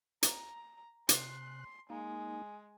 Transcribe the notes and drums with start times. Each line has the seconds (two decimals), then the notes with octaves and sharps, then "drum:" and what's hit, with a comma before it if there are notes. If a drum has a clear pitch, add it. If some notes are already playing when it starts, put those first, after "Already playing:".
0.23 A#5, drum: hi-hat
1.09 C3 C6 F#6, drum: hi-hat
1.90 G#3 A#3 D#4